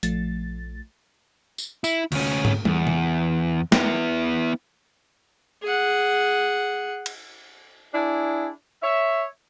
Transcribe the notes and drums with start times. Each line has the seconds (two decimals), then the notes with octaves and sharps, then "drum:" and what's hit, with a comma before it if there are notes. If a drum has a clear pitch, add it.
0.03 A#1 F3 A3 A6, drum: hi-hat
1.58 drum: tambourine
1.84 E4, drum: tambourine
2.12 D2 C#4, drum: cymbal
2.45 drum: tom
2.65 E2, drum: tom
2.87 drum: tom
3.72 B3 E4, drum: snare
5.63 G#4 F#5
7.06 drum: cymbal
7.93 D4 E4 G#4
8.83 C#5 E5